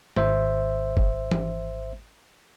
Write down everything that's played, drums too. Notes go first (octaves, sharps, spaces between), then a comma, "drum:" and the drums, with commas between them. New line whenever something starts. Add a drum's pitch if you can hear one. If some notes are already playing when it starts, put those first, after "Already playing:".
G#1 C5 E5, drum: tom
drum: kick
drum: tom E3